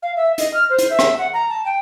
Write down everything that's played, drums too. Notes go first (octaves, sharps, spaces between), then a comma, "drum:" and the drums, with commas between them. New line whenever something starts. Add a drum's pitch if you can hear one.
F5
E5
D#5, drum: hi-hat
F6
C5
drum: hi-hat
E5
drum: rim click
F#5
A#5
A5
G5